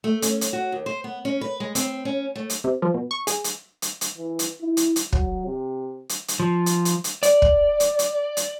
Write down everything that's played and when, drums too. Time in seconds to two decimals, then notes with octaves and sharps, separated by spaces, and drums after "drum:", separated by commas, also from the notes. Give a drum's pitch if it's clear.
0.04 A3
0.22 C#4, drum: hi-hat
0.41 drum: hi-hat
0.53 F#4
0.72 D#2
0.86 C5
1.04 B3
1.25 C#4
1.41 B4
1.60 G#3
1.75 C4, drum: hi-hat
2.05 C#4
2.36 A3
2.50 drum: hi-hat
2.64 C3
2.82 F3
2.94 B2
3.11 C#6
3.27 G#4, drum: hi-hat
3.44 drum: hi-hat
3.82 drum: hi-hat
4.01 drum: hi-hat
4.18 E3
4.39 drum: hi-hat
4.61 E4
4.77 drum: hi-hat
4.96 drum: hi-hat
5.13 F#3, drum: kick
5.47 C3
6.09 drum: hi-hat
6.28 drum: hi-hat
6.40 F3
6.66 drum: hi-hat
6.85 drum: hi-hat
7.04 drum: hi-hat
7.23 D5, drum: hi-hat
7.42 drum: kick
7.80 drum: hi-hat
7.99 drum: hi-hat
8.37 drum: hi-hat